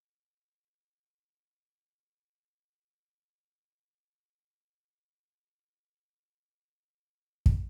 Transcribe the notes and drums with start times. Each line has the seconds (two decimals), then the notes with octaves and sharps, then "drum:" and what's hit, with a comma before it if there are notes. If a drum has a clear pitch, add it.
0.11 D#4
0.37 C4
0.64 F#3
0.90 D#3
1.17 D#4
1.43 C4
1.70 F#3
1.97 D#3
2.23 D#4
2.49 C4
2.76 F#3
3.02 D#3
3.29 F#3
3.54 D#4
3.82 C4
4.08 F#3
4.34 F#3
4.61 D#4
4.87 C4
5.14 F#3
5.40 F#3
5.67 D#4
5.93 C4
6.19 F#3
7.46 drum: kick